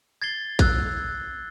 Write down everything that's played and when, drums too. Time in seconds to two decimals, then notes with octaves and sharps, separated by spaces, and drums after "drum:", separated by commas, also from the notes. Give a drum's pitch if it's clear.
0.22 G#6 A6 C7 G7
0.59 E6 F#6 G#6, drum: kick, hi-hat